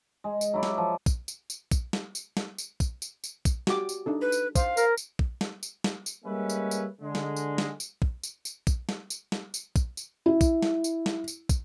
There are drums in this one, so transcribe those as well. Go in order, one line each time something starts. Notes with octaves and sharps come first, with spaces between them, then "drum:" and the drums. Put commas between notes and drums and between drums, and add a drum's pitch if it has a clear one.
G#3
drum: tambourine
F#3 E4 D5
drum: snare
F3
drum: kick, tambourine
drum: tambourine
drum: tambourine
drum: kick, tambourine
drum: snare
drum: tambourine
drum: snare
drum: tambourine
drum: kick, tambourine
drum: tambourine
drum: tambourine
drum: kick, tambourine
F#4 G4 D6, drum: snare
drum: tambourine
D4 D#4 A4
B4
drum: tambourine
C5 F5, drum: kick, tambourine
A#4, drum: tambourine
drum: tambourine
drum: kick
drum: snare
drum: tambourine
drum: snare
drum: tambourine
G3 G#3 A#3 C#4 B4 E5
drum: tambourine
drum: tambourine
D3 G#3
drum: snare
drum: tambourine
drum: snare
drum: tambourine
drum: kick
drum: tambourine
drum: tambourine
drum: kick, tambourine
drum: snare
drum: tambourine
drum: snare
drum: tambourine
drum: kick, tambourine
drum: tambourine
E4
drum: kick, tambourine
drum: snare
drum: tambourine
drum: snare
drum: tambourine
drum: kick, tambourine